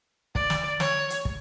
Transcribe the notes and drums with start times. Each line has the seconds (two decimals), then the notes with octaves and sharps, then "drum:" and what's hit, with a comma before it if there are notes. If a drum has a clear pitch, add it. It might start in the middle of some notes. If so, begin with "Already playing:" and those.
0.35 D5, drum: kick
0.50 drum: snare
0.80 C#5, drum: snare
1.10 drum: hi-hat
1.25 drum: kick